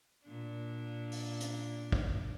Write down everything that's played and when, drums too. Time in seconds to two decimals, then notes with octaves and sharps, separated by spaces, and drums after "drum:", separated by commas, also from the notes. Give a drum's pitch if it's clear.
0.25 A#2 D4
1.12 drum: open hi-hat
1.40 drum: hi-hat
1.92 drum: kick